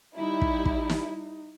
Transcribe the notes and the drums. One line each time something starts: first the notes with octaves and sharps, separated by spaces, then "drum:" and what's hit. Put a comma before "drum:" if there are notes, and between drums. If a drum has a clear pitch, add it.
G3 D#4 E4
drum: kick
drum: kick
drum: snare